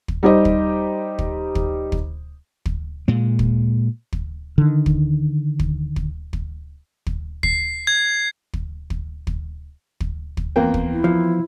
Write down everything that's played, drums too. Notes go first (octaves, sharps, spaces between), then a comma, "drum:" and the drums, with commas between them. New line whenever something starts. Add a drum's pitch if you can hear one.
drum: kick
G3 D#4 G4 C5 D#5
drum: kick
drum: kick
drum: kick
drum: kick
drum: kick
A#2 G#3
drum: kick
drum: kick
D3 D#3
drum: kick
drum: kick
drum: kick
drum: kick
drum: kick
C7, drum: kick
G#6
drum: kick
drum: kick
drum: kick
drum: kick
drum: kick
F2 E3 A#3 B3 B4 G5
drum: kick
E4
F3